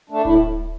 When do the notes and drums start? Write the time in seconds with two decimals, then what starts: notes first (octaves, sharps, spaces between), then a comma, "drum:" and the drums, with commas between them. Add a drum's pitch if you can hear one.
0.10 A3 D4
0.25 A2 E4, drum: kick D1